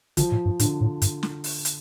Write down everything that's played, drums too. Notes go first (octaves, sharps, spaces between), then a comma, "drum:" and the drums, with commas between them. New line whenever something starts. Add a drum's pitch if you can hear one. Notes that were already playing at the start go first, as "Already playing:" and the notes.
D3 F3, drum: kick, hi-hat
A2
G2
A2 D3, drum: hi-hat
A2
G2, drum: hi-hat
drum: snare
drum: open hi-hat
drum: hi-hat